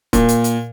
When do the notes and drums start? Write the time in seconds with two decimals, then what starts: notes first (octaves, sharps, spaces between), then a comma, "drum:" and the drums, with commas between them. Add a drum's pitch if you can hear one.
0.13 A#2, drum: kick, hi-hat
0.29 drum: hi-hat
0.44 drum: hi-hat